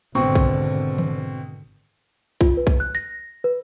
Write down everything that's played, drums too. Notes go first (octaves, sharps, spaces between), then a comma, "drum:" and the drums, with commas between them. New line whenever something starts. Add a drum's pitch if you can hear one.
G#1 B2 D3 C4 C#6, drum: open hi-hat
drum: kick B1
drum: tom D#3
F4, drum: kick B1
B4
drum: kick B1
F#6
A#6, drum: hi-hat
B4